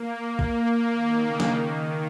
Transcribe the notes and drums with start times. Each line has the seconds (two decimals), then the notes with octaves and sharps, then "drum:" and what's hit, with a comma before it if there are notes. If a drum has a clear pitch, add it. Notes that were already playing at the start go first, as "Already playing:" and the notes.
Already playing: A#3
0.21 A#3
0.39 drum: kick
0.93 D#3
1.22 C#3
1.40 drum: snare
1.50 D#3